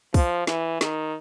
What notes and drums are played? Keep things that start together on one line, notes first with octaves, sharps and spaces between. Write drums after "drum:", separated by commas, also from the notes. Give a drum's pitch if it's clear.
F3, drum: kick, open hi-hat
E3, drum: snare
D#3, drum: snare